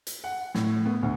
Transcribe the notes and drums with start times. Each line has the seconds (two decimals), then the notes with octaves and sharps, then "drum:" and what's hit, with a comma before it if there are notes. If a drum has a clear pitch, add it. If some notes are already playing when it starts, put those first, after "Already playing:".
0.07 drum: hi-hat
0.24 F#5
0.55 A2, drum: snare
0.85 B3
1.03 D2